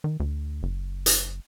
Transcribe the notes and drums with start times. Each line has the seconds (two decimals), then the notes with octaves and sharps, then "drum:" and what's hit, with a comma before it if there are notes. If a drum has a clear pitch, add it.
0.04 D#3
0.20 D2
0.63 F#1
1.06 drum: hi-hat